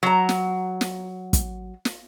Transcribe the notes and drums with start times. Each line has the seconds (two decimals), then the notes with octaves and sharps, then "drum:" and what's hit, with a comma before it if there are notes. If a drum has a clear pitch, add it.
0.03 F#3 A#5
0.29 drum: snare
0.81 drum: snare
1.33 drum: kick, hi-hat
1.85 drum: snare